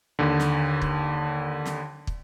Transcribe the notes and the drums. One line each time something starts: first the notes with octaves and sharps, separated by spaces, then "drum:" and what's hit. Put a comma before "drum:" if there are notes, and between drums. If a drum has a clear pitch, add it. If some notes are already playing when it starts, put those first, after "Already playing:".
D#2 D3
drum: snare
drum: kick
drum: snare
drum: kick